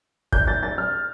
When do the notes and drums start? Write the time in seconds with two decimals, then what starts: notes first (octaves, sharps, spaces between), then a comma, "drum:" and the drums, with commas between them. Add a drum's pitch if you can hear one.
0.32 G6, drum: kick
0.48 A6
0.63 A6
0.78 F6